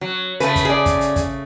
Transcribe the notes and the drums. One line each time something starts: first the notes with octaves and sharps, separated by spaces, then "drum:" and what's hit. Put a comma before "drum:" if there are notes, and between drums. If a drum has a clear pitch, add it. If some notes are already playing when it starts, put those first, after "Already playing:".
F#3
C#3 A3 B4, drum: hi-hat
drum: kick, hi-hat
G#4 D5
drum: kick, hi-hat
drum: hi-hat
drum: kick, hi-hat